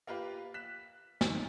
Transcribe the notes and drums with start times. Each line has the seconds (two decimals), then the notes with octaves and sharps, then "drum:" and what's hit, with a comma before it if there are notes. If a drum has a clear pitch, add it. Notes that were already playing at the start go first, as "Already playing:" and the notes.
0.07 A#3 F4 G4 B4
0.54 F#6 B6 E7
1.21 F2 D#3, drum: snare